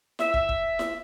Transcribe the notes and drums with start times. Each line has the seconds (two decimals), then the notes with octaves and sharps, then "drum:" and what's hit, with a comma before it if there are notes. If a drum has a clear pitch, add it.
0.19 E5, drum: snare E4
0.34 drum: kick
0.49 drum: kick
0.79 drum: snare E4